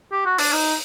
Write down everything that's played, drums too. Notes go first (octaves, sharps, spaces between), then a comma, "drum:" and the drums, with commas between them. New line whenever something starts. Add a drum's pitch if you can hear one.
G4
F#4
D4, drum: open hi-hat
D#4